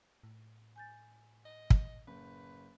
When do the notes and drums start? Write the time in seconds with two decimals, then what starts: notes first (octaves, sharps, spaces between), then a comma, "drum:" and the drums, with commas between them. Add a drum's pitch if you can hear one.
0.23 A2
0.76 G#5 G6 A6
1.45 D#5
1.70 drum: kick
2.07 F#1 B4